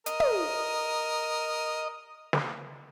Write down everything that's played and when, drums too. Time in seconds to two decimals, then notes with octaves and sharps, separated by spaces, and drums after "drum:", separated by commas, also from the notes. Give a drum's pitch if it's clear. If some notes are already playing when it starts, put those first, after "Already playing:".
0.06 A#4 D#5, drum: hi-hat
0.20 drum: tom
2.33 drum: snare